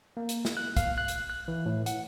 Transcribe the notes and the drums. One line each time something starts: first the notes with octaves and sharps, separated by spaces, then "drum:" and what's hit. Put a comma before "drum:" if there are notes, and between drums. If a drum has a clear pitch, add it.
A#3
drum: hi-hat
drum: snare
F#6
F5, drum: kick, hi-hat
F#6
drum: hi-hat
F#6
E3
A2
F#5, drum: hi-hat